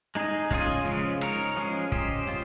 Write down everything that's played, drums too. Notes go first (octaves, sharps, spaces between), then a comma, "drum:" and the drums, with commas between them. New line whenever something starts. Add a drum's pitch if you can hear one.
G#3 D#4 G#4 D#5
G#3 C#4 F4 G#4 D#5, drum: kick
C#3 F3 G#3 C#4
G#3 D#4 A#4 C#5, drum: rim click
F3 G#3 C#4 G#4
C#4 G4 C5 D#5, drum: kick
G#3 C#4 F4 C5